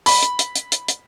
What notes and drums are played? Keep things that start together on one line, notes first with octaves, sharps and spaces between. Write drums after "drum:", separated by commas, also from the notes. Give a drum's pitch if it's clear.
B5, drum: open hi-hat
drum: hi-hat
drum: hi-hat
drum: hi-hat
drum: hi-hat
drum: hi-hat